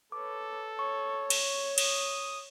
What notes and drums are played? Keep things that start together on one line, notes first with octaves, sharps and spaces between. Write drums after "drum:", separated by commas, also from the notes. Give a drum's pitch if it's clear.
A4 B4 C#5 D6
C#5 C#6
drum: cymbal
D#6, drum: cymbal